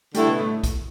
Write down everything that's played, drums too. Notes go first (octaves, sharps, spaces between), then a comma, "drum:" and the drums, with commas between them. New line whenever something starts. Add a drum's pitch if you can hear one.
D3 G3 A3 E4 G4, drum: hi-hat
B2 B3
A2 A3
drum: kick B1, hi-hat